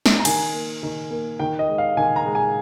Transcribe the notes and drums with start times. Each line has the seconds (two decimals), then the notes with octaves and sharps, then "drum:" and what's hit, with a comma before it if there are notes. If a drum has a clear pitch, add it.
0.06 drum: snare
0.19 A#5
0.25 D#3 G#5, drum: cymbal
0.54 A#3
0.83 D#3
1.11 A#3
1.39 D#3 G5
1.59 D#5
1.69 G#3
1.78 F5
1.97 D#3 G#5
2.16 A#5
2.26 G#3
2.35 G#5